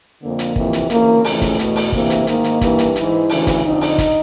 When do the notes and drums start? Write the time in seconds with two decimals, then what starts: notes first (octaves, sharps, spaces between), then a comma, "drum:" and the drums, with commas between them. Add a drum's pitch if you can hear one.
0.21 F2 D3 A#3
0.39 drum: hi-hat
0.56 F2 C3 E3, drum: kick
0.73 drum: hi-hat
0.90 D2 C#3 E3 A#3, drum: hi-hat
1.24 F2 C#3 E3 A3, drum: open hi-hat
1.41 drum: kick, hi-hat
1.59 E2 B2, drum: hi-hat
1.76 drum: open hi-hat
1.92 D2 C3 E3 A#3, drum: kick
2.10 drum: hi-hat
2.27 G#2 D#3 A#3, drum: hi-hat
2.44 drum: hi-hat
2.61 G2 E3, drum: kick, hi-hat
2.78 drum: hi-hat
2.96 G#2 E3 E4, drum: hi-hat
3.29 D2 C#3 E3, drum: open hi-hat
3.47 drum: kick, hi-hat
3.64 F2 D3 D#4
3.81 drum: open hi-hat
3.98 drum: kick, hi-hat